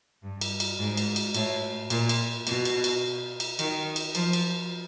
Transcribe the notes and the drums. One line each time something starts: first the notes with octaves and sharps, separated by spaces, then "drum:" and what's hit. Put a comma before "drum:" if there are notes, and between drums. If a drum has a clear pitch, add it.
G2
drum: cymbal
drum: cymbal
G#2
drum: cymbal
drum: cymbal
A2, drum: cymbal
A#2, drum: cymbal
drum: cymbal
B2, drum: cymbal
drum: cymbal
drum: cymbal
drum: cymbal
D#3, drum: cymbal
drum: cymbal
F3, drum: cymbal
drum: cymbal